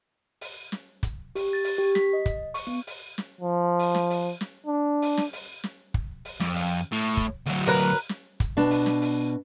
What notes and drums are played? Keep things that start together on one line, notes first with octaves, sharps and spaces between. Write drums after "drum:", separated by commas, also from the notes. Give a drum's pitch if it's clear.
drum: open hi-hat
drum: snare
drum: kick, hi-hat
G4, drum: open hi-hat
A6
drum: open hi-hat
G4
B6, drum: snare
D#5
drum: kick, hi-hat
C#6, drum: open hi-hat
B3
drum: open hi-hat
drum: snare
F3
drum: open hi-hat
drum: snare
drum: open hi-hat
drum: snare
D4
drum: open hi-hat
drum: snare
drum: open hi-hat
drum: snare
drum: kick
drum: open hi-hat
F2, drum: snare
drum: open hi-hat
A2
drum: kick, hi-hat
D2 F#3, drum: open hi-hat
A#4 B4
drum: open hi-hat
drum: snare
drum: kick, hi-hat
B2 D4
drum: open hi-hat
drum: snare
drum: open hi-hat